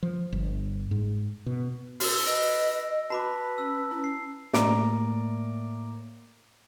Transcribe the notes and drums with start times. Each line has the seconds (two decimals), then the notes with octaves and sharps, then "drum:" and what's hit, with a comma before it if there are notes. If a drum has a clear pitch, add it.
0.03 F3
0.32 G1
0.91 G#2
1.46 B2
2.00 F#4 A#4 E6 F6, drum: open hi-hat
2.26 B4 D#5 A#6 D7
3.10 F#4 B4 A5 B5 D6
3.58 C#4 E6
3.91 C#4 E4
4.04 C7
4.53 A2 A#3 D5 A#5 D6 D7, drum: snare